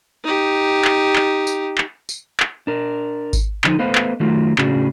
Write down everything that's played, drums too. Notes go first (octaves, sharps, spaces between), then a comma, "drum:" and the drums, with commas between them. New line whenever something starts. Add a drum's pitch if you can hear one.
D#4 G4
drum: clap
drum: clap
drum: tambourine
drum: clap
drum: tambourine
drum: clap
D4 A#4
drum: kick G#1, tambourine
D3 F3 D#4, drum: clap
A3 B3 B4 C5 D#5 F5
drum: clap
D#3 F#3 A3 F4
A2 C#3 C#4 D4 F#4 G#4, drum: clap